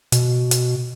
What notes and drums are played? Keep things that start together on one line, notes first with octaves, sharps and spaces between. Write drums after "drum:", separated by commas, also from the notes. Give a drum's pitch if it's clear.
B2, drum: hi-hat
drum: hi-hat